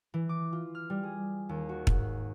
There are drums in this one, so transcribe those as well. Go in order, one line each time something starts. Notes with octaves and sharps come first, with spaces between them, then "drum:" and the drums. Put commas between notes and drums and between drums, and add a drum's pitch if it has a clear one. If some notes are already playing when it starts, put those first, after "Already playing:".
E3
D6
F4
F6
G3
G#4
D#2
F#4
G#2, drum: kick